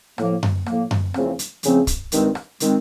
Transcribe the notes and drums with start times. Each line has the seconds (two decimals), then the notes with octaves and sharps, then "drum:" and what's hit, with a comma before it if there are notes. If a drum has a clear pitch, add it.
0.18 A2 F3 A#3, drum: rim click
0.43 drum: tom F#2
0.66 A2 F3 A#3, drum: rim click
0.91 drum: tom F#2
1.14 E2 C#3 F3 A3 C4, drum: rim click
1.39 drum: hi-hat
1.63 E2 C#3 F3 A3 C4, drum: hi-hat
1.87 drum: kick, hi-hat
2.12 G2 D#3 G#3 C4, drum: hi-hat
2.35 drum: rim click
2.60 D#3 G#3 C4, drum: hi-hat